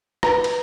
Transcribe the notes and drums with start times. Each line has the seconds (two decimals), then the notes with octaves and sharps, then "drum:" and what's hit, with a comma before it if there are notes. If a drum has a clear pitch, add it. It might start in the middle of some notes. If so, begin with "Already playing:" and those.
0.23 B4 A#5, drum: rim click
0.44 drum: cymbal